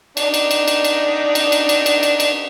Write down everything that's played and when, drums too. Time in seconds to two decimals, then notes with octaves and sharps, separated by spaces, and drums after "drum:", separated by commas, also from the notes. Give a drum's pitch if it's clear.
0.17 D4 D#4, drum: cymbal
0.34 drum: cymbal
0.51 drum: cymbal
0.68 drum: cymbal
0.84 drum: cymbal
1.35 drum: cymbal
1.52 drum: cymbal
1.69 drum: cymbal
1.86 drum: cymbal
2.03 drum: cymbal
2.20 drum: cymbal